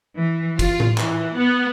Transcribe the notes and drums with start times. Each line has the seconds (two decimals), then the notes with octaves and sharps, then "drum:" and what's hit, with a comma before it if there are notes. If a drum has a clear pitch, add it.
0.17 E3
0.59 F4, drum: kick, cymbal
0.80 drum: tom A2
0.98 E3, drum: clap
1.36 B3